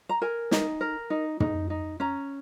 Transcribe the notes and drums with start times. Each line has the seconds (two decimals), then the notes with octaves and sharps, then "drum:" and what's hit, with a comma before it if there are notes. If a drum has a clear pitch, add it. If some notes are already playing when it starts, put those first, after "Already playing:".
0.09 A#5
0.22 A#4 G#5
0.51 D#4, drum: snare
0.81 A#4
1.10 D#4
1.40 D#4, drum: tom
1.70 D#4
2.00 C#4 A#5